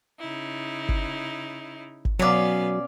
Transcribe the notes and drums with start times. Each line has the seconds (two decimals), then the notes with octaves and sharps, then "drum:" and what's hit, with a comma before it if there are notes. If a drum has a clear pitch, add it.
0.19 C#3 D#4 E4
0.89 drum: kick G1
2.05 drum: kick G1
2.19 B2 F#3 B3 C#4 D5 F5